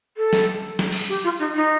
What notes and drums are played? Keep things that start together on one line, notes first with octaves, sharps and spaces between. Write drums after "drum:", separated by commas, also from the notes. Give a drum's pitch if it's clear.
A4
drum: snare
drum: snare
drum: open hi-hat
G4
F4
D#4
D#4